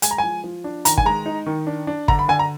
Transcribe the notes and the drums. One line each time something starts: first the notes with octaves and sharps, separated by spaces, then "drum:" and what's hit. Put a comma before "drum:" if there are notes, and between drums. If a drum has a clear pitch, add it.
G#3 G#5, drum: hi-hat
A#5
F3 G#5
F3
D4
D#3 A#5, drum: hi-hat
G#5, drum: kick
G#3 A#5
D#4
D#3
D4
D4
D3 A#5, drum: kick
B5
D3 G#5
A#5